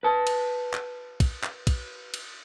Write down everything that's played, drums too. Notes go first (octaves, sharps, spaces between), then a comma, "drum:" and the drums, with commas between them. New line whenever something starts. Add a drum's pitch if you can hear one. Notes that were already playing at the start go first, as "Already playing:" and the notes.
B4 A5
drum: cymbal
drum: clap
drum: kick, cymbal
drum: clap
drum: kick, cymbal
drum: cymbal